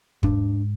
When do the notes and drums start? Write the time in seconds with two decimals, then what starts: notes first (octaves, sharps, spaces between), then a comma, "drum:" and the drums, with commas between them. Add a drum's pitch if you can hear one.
0.23 G#2 D4, drum: kick